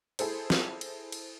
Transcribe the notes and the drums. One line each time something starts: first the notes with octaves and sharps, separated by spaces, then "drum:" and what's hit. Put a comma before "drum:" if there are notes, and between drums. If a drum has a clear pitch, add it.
E4 G#4 A4 C5, drum: cymbal
drum: snare
drum: cymbal
drum: cymbal